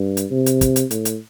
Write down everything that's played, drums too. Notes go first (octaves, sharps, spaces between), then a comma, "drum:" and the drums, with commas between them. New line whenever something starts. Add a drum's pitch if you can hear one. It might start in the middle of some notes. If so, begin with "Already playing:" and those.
Already playing: G2
drum: hi-hat
C3
drum: hi-hat
drum: kick, hi-hat
drum: hi-hat
A2, drum: hi-hat
drum: hi-hat